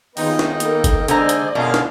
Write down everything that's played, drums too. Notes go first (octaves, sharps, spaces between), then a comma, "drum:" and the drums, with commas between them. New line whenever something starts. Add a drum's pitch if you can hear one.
D#2 B3 D#4 F4 G#4 D#5 G5, drum: open hi-hat
drum: snare
A#3 B3 A4, drum: hi-hat
drum: kick G1, hi-hat
G#2 D3 C5 D5 D#5 G#5 A#5, drum: hi-hat
drum: hi-hat
F#2 B2 D3 F4 G#4 A#4 F5
drum: snare